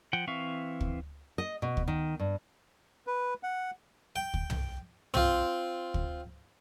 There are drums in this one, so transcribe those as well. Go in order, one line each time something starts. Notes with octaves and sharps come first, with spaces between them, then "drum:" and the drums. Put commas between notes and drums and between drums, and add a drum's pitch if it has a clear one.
F3 F#5 G5
E3 C4 E5 F5 C#6
drum: kick
D#5
B2
drum: kick
D#3
G2
B4
F#5
G5
drum: kick
drum: tom
C4 F4, drum: tom
drum: kick